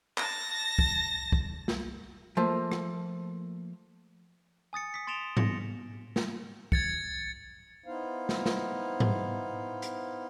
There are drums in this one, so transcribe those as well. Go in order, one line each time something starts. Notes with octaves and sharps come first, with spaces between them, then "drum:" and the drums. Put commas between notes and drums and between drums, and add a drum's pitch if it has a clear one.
A5 A#6, drum: clap
drum: kick
drum: kick
drum: snare
F3 A3 A#3
drum: rim click
G#5 D#6 A6 C#7
D#6 B6
C6 A6 D7 E7 F7 G7
A#6 C#7, drum: tom G#2
drum: snare
G#6 A6 C#7, drum: kick
B3 D#4 E4 C5 F5
drum: snare
drum: snare
drum: tom G#2
drum: hi-hat